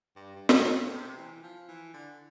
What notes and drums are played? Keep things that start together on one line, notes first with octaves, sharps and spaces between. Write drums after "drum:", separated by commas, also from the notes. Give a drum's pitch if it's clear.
G2
G2
G2, drum: snare
A2
C3
B2
B2
C3
E3
F3
E3
D3